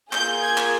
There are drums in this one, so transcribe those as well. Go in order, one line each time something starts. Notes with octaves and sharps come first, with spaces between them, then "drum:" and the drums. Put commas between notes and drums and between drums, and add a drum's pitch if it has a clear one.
A#3 F4 G#4 G6, drum: clap
G#6
drum: clap